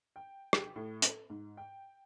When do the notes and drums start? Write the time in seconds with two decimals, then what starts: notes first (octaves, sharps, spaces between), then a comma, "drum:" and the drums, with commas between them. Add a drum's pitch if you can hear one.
0.16 G5
0.53 G4, drum: rim click
0.76 A2
1.02 A4, drum: hi-hat
1.30 G#2
1.57 G5